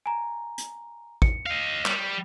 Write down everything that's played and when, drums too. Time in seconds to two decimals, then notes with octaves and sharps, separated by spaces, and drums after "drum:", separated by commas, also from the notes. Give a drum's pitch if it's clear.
0.06 G#5 A#5
0.58 drum: hi-hat
1.22 C#7, drum: kick
1.46 D#5 F5
1.86 G3, drum: clap